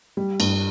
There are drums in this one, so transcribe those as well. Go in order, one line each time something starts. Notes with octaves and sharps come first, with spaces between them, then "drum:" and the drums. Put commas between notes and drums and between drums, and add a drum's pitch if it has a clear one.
G3
G2, drum: cymbal